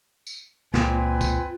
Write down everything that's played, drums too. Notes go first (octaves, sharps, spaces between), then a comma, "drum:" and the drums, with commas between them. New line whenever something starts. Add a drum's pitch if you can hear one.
drum: tambourine
C#2 A#2 C4 F4 B4 G#5, drum: snare
drum: kick, tambourine